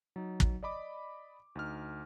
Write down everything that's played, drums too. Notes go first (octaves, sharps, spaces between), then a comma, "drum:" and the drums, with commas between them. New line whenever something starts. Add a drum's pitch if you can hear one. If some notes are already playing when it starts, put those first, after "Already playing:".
F#3 D#4
drum: kick
D5 D#5 B5 D6
D2 D#4 F6